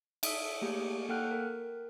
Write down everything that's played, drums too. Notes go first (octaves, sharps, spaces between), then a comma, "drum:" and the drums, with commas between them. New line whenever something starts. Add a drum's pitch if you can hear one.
E5 D#6 E6, drum: cymbal
A3 A#3 G4 G#4
A#3 A4 F#5 G5 F6 F#6
A#4